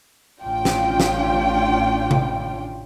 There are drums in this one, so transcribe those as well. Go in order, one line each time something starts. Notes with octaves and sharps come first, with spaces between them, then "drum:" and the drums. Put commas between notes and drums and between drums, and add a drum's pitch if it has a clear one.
A1 C#4 D4 F4 G5
drum: snare
drum: snare
drum: tom C3